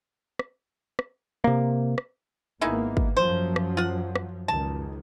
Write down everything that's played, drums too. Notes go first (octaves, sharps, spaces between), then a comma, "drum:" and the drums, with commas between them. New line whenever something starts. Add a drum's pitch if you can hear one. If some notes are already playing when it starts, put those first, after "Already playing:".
drum: rim click
drum: rim click
C3 A#3
drum: rim click
G#1 G#3 A#3 B3 D#4 E4
drum: kick
F#2 F3 F#3 C5
drum: rim click
F4 F#5
drum: rim click
C#2 F#2 D#3 A5